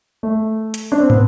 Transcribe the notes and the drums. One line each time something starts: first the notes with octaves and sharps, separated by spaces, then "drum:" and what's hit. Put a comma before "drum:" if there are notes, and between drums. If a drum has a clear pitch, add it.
A3
drum: hi-hat
D4
C4
B3, drum: tom